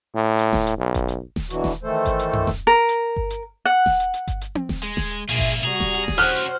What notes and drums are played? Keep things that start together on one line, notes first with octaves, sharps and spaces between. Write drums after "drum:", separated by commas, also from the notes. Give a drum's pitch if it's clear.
A2
drum: hi-hat
drum: snare D#1
drum: hi-hat
B1
drum: kick G1, hi-hat
drum: hi-hat
drum: snare D#1
B2 D3 E3 F#3 F#4, drum: hi-hat
drum: snare D#1
D#3 E3 A3 A4 C5
drum: kick G1, hi-hat
drum: hi-hat
drum: tom F#2
drum: snare D#1
A#4
drum: hi-hat
drum: kick G1
drum: hi-hat
F#5
drum: snare D#1
drum: hi-hat
drum: hi-hat
drum: kick G1, hi-hat
drum: hi-hat
drum: tom C4
drum: snare D#1
G#3, drum: hi-hat
drum: snare D#1
drum: hi-hat
A#1 G2 A#3 F4 G#4 E5
drum: kick G1, hi-hat
drum: hi-hat
C3 G3 F#4 G#4 A#5
drum: snare D#1
drum: hi-hat
drum: snare D#1
C#4 F#4 G4 C5 F6 F#6
drum: hi-hat